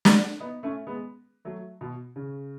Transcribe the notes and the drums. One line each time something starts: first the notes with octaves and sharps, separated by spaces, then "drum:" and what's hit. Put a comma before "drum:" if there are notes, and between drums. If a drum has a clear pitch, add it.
drum: snare
B3 D#4
A3 C#4
G#3 B3
F#3 A3
B2
C#3